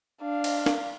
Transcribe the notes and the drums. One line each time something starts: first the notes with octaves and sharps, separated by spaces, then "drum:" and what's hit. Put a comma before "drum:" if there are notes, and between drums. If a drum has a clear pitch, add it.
D4 F5
drum: cymbal
drum: snare